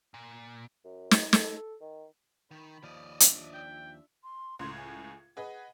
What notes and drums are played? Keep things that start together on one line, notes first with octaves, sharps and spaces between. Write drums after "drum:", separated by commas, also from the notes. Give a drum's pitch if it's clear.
A#2
F#2
drum: snare
A4, drum: snare
A4
D#3
D#3 B5
D#2 F3 D5 D#5
D4 F4 E5, drum: hi-hat
G5
C6
C#2 A2 C6 G#6
G#5
G#4 B4 D#5 F#5